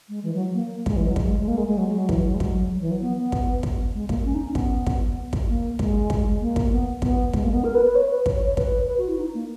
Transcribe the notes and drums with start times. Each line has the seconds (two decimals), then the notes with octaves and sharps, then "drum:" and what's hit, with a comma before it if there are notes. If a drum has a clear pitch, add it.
0.09 G#3
0.23 E3
0.34 F#3
0.54 A#3
0.86 G#3, drum: kick
0.97 E3
1.06 F#3
1.16 G#3, drum: kick
1.40 G#3
1.48 A#3
1.57 G#3
1.68 G#3
1.78 F#3
1.89 G#3
1.98 F#3
2.09 E3, drum: kick
2.25 F#3
2.34 G#3
2.40 F#3, drum: kick
2.71 F#3
2.81 E3
2.91 F#3
3.02 B3
3.16 B3
3.32 drum: kick
3.63 drum: kick
3.95 G#3
4.09 A#3, drum: kick
4.25 C#4
4.35 D#4
4.46 C#4
4.55 B3, drum: kick
4.87 drum: kick
5.33 drum: kick
5.49 A#3
5.79 G#3, drum: kick
6.10 drum: kick
6.41 A#3
6.56 drum: kick
6.72 B3
7.02 B3, drum: kick
7.33 G#3, drum: kick
7.44 A#3
7.53 B3
7.64 A#4
7.75 B4
7.85 B4
7.95 C#5
8.11 B4
8.26 drum: kick
8.36 C#5
8.46 C#5
8.57 B4, drum: kick
8.87 B4
8.98 F#4
9.08 E4
9.18 D#4
9.34 A#3